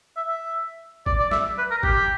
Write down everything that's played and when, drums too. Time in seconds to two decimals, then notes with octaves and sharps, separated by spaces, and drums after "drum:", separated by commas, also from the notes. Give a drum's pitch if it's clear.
0.16 E5
0.29 E5
1.06 D5, drum: kick
1.19 D5
1.31 E5, drum: snare
1.58 B4
1.71 A#4
1.83 G4, drum: kick